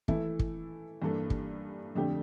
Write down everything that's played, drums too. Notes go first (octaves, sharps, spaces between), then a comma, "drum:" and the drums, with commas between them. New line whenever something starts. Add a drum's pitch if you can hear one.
E3 A3 E4 A4, drum: kick
drum: kick
G2 E3 A#3 D4 A4
drum: kick
F2 D3 A3 D4 G4